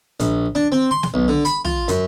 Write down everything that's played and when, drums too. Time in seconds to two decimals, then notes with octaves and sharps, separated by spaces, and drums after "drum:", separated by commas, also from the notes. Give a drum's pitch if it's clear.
0.20 A#1, drum: hi-hat
0.55 D4
0.72 C4
0.91 C6
1.03 drum: snare
1.14 B1
1.28 D3
1.45 B5, drum: hi-hat
1.65 F4, drum: tom
1.88 F#2, drum: hi-hat